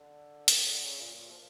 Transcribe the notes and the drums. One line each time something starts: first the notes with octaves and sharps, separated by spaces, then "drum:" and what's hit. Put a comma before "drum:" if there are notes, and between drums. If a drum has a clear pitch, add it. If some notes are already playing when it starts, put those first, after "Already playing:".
Already playing: D3
drum: hi-hat
C#3
D3
C#3
A#2
A#2
F3